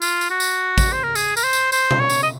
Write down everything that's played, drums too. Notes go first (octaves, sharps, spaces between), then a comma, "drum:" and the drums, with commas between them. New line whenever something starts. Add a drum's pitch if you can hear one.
F4, drum: tambourine
drum: tambourine
F#4
drum: tambourine
drum: kick, tambourine
C5
A#4
G#4, drum: tambourine
A#4, drum: tambourine
C5
drum: tambourine
C5, drum: tambourine
drum: tom B2
C#5
drum: tambourine
D#5